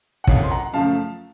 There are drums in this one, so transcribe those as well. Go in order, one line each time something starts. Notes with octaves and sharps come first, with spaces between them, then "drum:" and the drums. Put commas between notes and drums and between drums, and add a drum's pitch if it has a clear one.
F#5
F#1 F2 C3 F3 C#5 F5, drum: kick
C6
F#5 A#5
F#2 C#3 F3 A3 F5 A5